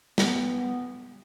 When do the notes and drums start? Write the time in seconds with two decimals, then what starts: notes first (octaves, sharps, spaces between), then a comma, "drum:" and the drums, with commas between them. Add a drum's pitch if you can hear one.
0.18 B3, drum: snare